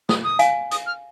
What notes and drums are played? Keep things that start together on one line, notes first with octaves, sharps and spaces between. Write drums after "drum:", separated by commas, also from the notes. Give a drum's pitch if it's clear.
D#6, drum: snare
D#6
F5 G#5, drum: hi-hat
D#6, drum: hi-hat
F6